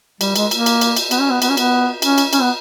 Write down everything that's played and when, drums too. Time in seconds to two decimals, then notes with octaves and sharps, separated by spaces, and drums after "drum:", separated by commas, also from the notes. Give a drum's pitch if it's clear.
0.21 G3, drum: cymbal
0.36 G#3, drum: cymbal
0.51 A#3, drum: cymbal
0.66 drum: cymbal
0.81 drum: cymbal
0.97 drum: cymbal
1.11 B3, drum: cymbal
1.20 C#4
1.30 B3
1.42 B3, drum: cymbal
1.50 C#4
1.57 B3, drum: cymbal
2.02 C#4, drum: cymbal
2.18 drum: cymbal
2.33 C#4, drum: cymbal
2.42 B3